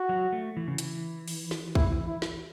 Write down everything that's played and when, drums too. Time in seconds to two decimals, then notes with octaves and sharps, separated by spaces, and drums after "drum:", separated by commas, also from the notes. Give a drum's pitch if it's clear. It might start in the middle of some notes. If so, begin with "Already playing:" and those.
Already playing: F#4
0.09 F#3
0.32 A3
0.57 E3
0.68 C#3
0.78 E3, drum: hi-hat
1.28 drum: open hi-hat
1.51 drum: snare
1.75 E4, drum: kick
2.07 E4
2.22 drum: snare